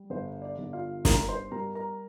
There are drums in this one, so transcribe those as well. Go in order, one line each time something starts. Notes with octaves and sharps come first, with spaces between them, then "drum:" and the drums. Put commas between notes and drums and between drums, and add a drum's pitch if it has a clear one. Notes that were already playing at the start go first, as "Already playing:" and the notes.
Already playing: G3
G1 C5
D5
G1
F4 F5
G2 A#4 A#5, drum: snare
C5 C6
G3 A#4 A#5
A#4 A#5